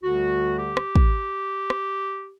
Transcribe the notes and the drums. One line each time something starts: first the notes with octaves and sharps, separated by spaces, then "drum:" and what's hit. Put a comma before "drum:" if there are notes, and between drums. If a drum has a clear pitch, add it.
D2 D3 G3 F#4
G4
drum: rim click
drum: kick
drum: rim click